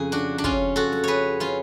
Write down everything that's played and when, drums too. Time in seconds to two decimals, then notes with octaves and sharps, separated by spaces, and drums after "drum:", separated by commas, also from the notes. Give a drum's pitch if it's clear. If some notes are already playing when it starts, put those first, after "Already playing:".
Already playing: F2 C#3 G#4
0.12 D4 F#4, drum: snare
0.38 D4
0.44 C#4 F4, drum: kick
0.76 F#4 A4
0.92 drum: snare
1.04 G#4 B4 C#5
1.40 C#4 F4, drum: snare